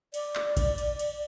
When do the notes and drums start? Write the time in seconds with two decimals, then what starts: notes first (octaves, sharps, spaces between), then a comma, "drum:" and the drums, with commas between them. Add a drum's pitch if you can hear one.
0.14 D5, drum: cymbal
0.35 drum: clap
0.57 drum: kick A#1, cymbal
0.78 drum: cymbal
0.99 drum: cymbal